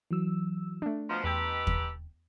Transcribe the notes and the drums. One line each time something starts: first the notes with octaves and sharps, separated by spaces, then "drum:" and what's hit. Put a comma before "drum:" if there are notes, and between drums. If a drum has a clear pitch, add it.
E3 F#3 E6
A3 D4
B2 F3 D#5 A#5 C6
E2 G4 A4 B4 G5
drum: kick